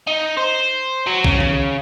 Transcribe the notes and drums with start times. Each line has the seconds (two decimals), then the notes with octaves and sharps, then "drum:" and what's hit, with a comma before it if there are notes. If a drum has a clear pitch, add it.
0.07 D#4
0.38 C5
1.07 F#3
1.24 C#3, drum: kick A#1
1.40 drum: tom D#3